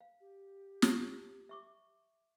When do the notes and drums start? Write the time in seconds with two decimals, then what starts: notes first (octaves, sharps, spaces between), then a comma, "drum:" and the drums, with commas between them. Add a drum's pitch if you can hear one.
0.01 F5
0.21 G4
0.82 drum: snare
1.49 E5 C#6 D6